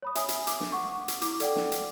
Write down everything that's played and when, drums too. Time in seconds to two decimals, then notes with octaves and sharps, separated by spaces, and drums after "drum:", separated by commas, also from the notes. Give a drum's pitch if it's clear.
0.02 C#5 B5 D#6
0.15 E5 G#5 D#6, drum: hi-hat
0.29 drum: hi-hat
0.47 D6, drum: hi-hat
0.60 drum: snare
0.72 F#5 C#6
1.08 drum: hi-hat
1.22 E4 D6, drum: hi-hat
1.40 A4 D5 F#5 G5, drum: hi-hat
1.56 drum: snare
1.72 drum: hi-hat